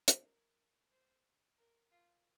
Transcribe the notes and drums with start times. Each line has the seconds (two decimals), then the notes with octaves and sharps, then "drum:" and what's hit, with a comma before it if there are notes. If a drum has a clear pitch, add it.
0.08 drum: hi-hat
0.24 A#4
0.91 C5
1.58 A#4
1.92 F4